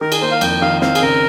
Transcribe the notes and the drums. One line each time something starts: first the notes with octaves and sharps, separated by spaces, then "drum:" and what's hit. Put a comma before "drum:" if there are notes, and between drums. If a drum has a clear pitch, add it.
D#3 A#4
G#4, drum: cymbal
A#3 C5
F5
F2 G5, drum: cymbal
D#3 F5
C4 F5, drum: snare
G#4, drum: cymbal
C#3 A#4